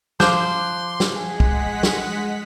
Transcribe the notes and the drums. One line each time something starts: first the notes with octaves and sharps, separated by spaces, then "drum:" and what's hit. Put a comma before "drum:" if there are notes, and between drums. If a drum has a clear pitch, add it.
F3 C6 D6 F#6 G6, drum: snare
drum: snare
G#3 G#4 F#5 B6
drum: kick
drum: snare